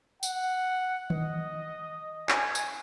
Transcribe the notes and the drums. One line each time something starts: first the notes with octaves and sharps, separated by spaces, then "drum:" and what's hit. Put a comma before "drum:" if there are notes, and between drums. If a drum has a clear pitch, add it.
F#5, drum: tambourine
D#5, drum: tom D#3
G#5, drum: clap
drum: tambourine